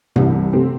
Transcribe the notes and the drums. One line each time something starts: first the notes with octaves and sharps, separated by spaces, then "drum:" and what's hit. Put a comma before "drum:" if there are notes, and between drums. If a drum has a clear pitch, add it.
C2 C3 E3 G3, drum: tom G2
C3 A3 C4 G4